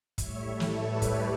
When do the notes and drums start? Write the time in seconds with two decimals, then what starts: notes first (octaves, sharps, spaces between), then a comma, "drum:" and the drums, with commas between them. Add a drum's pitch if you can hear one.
0.18 A2 G3 C#5 E5, drum: kick, hi-hat
0.46 A4 C#5
0.60 drum: snare
0.74 G4 B4
1.02 A4 C#5, drum: kick, hi-hat